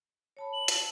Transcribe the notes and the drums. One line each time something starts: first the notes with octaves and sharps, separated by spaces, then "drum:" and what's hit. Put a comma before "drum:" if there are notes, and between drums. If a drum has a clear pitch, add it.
C#5 A5 B5
F#7
A5 E6, drum: hi-hat